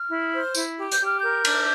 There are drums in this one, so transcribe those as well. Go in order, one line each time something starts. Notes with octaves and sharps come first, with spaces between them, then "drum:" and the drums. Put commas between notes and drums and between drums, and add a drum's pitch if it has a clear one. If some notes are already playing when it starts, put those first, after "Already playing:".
Already playing: F6
E4
C5
E4, drum: tambourine
G4
G6, drum: hi-hat
G4 F6
A#4 G6
D4, drum: cymbal